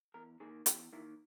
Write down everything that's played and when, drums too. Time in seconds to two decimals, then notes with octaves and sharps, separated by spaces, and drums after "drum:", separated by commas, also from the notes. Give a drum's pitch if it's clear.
0.14 E2 A#4
0.40 D#3 A#3 G#4
0.66 E2 G4, drum: hi-hat
0.93 D#3 A#3 E4